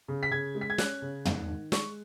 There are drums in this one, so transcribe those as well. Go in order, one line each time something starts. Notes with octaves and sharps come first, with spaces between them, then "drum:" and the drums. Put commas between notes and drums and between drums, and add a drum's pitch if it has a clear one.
C#3
B6
C#3 G#6
G#3
B6
G#6
C#4 F#6, drum: snare
C#3
G#2, drum: tom
D#3
G#3 C#6, drum: snare